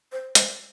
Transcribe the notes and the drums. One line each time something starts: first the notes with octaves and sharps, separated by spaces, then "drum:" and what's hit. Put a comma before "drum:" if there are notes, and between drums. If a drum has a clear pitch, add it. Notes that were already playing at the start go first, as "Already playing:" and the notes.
C5
G#3 C5, drum: hi-hat